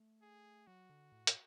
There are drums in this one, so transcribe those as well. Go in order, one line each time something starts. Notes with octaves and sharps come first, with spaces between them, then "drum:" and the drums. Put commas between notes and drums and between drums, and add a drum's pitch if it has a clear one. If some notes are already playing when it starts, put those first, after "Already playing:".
Already playing: A3
G#4
F#3 F#4
D3
A2
drum: hi-hat